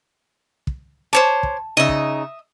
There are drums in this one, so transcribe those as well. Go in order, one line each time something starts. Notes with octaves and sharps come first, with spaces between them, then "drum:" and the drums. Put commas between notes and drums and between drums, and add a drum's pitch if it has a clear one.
drum: kick
C5 C#5 A5 D6
drum: kick
C#3 D#4 D#5 E5
drum: kick